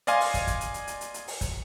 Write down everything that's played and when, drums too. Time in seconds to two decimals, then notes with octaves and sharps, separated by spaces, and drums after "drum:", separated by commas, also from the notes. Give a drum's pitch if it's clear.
0.07 D5 D#5 F5 G#5 C6, drum: hi-hat
0.21 drum: open hi-hat
0.34 drum: kick, hi-hat
0.47 drum: kick, hi-hat
0.61 drum: hi-hat
0.74 drum: hi-hat
0.87 drum: hi-hat
1.01 drum: hi-hat
1.14 drum: hi-hat
1.28 drum: open hi-hat
1.41 drum: kick, hi-hat